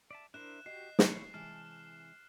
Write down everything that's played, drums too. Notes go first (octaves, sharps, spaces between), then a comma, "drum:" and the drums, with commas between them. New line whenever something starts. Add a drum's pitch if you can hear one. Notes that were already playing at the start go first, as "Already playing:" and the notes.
D5 E5 A5
D4 E4 A#4 C5 F#6 E7
F#4 G4 D#5 C7
E4 C#5, drum: snare
C3 E3 G#3 A5 F6